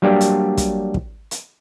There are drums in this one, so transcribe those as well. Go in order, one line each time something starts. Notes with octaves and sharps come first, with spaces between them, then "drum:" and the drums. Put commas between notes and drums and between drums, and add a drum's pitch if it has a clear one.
F#3 G3 A#3 D4 G4
drum: hi-hat
drum: kick, hi-hat
drum: kick
drum: hi-hat